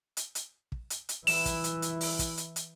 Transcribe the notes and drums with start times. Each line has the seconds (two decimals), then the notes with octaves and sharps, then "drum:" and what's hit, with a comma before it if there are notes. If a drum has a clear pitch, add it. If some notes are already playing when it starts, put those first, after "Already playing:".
0.17 drum: hi-hat
0.35 drum: hi-hat
0.72 drum: kick
0.90 drum: hi-hat
1.09 drum: hi-hat
1.27 E3 E4 E7, drum: open hi-hat
1.45 drum: kick, hi-hat
1.64 drum: hi-hat
1.82 drum: hi-hat
2.01 drum: open hi-hat
2.19 drum: kick, hi-hat
2.37 drum: hi-hat
2.56 drum: hi-hat